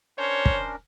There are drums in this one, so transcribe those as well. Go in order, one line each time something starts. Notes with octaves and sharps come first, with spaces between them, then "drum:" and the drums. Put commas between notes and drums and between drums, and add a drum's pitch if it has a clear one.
C#4 D4 A#4 C5 C#5
drum: kick